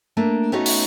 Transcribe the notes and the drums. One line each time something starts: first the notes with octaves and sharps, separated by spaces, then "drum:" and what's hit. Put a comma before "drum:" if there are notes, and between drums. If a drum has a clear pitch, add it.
A3 A#3 D4
A3 B3 C#4 D#4 F#4 C#5
drum: open hi-hat